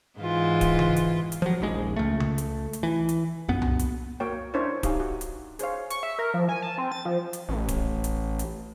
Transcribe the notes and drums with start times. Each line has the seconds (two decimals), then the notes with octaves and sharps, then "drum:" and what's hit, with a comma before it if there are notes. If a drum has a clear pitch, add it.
0.19 G#2 E3 F4
0.61 drum: kick D1, hi-hat
0.79 drum: tom C#3
0.96 drum: hi-hat
1.32 drum: hi-hat
1.42 F3 F#3
1.61 D#1 A#1 G#3
1.96 C#2 A3
2.20 drum: tom C#3
2.38 drum: hi-hat
2.73 drum: hi-hat
2.83 E3
3.09 drum: hi-hat
3.48 A#1 F#2 B3
3.62 drum: tom C2
3.79 drum: hi-hat
4.20 A#3 F#4 A#4 C#5 G5
4.54 C#4 D4 E4 A#4 C5 C#5
4.83 D#4 G4 F5 G#5, drum: kick D1, hi-hat
5.00 F#4
5.21 drum: hi-hat
5.59 G#4 C5 C#5 F5, drum: hi-hat
5.90 C#6, drum: hi-hat
6.03 E5
6.19 A#4
6.34 F3
6.49 G#5
6.62 A5
6.78 C4
6.92 A6
7.05 F3
7.33 drum: hi-hat
7.49 A1
7.69 drum: kick D1, hi-hat
8.04 drum: hi-hat
8.39 drum: hi-hat